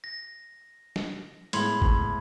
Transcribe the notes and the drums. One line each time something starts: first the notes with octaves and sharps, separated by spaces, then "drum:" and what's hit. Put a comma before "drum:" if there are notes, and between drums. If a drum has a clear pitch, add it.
A#6
drum: snare
A2 G#3 B3 B5 C6 G#6, drum: hi-hat
drum: kick G1